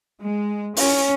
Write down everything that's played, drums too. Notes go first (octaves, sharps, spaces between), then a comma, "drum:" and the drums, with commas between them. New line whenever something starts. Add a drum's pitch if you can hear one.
G#3
C#4, drum: open hi-hat